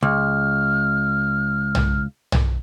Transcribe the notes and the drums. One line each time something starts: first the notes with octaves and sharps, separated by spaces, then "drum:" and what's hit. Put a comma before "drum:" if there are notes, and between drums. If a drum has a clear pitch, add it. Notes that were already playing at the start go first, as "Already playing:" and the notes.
C#2 F6
drum: tom B1
drum: tom B1